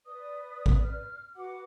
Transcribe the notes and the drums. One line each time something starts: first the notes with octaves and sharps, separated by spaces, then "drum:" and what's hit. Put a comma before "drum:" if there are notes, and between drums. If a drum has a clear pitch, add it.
B4 D5 D#6
drum: kick
F6
F#4 B4 F#5 D6